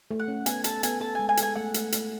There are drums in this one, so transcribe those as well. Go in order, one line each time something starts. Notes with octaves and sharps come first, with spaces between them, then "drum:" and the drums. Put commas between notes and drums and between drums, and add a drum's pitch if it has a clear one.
A3
F#5
C#4
B3 G#5, drum: hi-hat
A4 A5, drum: hi-hat
B3 G#5, drum: hi-hat
A4 A5
G#3 G#5
G#5
A4, drum: hi-hat
G#5
A3 F#5
A3, drum: hi-hat
A3, drum: hi-hat